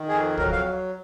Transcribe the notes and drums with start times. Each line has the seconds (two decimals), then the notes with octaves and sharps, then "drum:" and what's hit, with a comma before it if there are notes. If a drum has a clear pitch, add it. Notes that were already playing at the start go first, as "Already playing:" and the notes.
Already playing: D#3
0.09 F2 G#4
0.37 F#3 A#4, drum: kick
0.52 F5